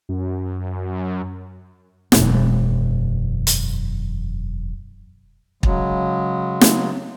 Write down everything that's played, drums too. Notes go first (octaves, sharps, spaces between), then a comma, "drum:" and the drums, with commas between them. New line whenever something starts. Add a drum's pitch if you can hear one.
F#2
E1 F#2, drum: snare
drum: hi-hat
C#3 F#3 G#3, drum: kick
drum: snare